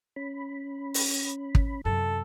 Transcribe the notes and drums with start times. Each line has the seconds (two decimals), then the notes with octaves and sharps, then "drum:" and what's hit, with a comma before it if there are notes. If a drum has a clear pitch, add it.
0.16 C#4 B5
0.94 drum: open hi-hat
1.55 drum: kick
1.85 F#2 C3 A4